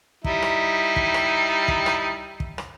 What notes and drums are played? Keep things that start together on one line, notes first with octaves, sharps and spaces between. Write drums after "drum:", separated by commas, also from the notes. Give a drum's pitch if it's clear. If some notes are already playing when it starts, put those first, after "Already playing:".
G3 D#4 E4, drum: kick
drum: rim click
drum: kick
drum: rim click
drum: kick
drum: rim click
drum: kick
drum: rim click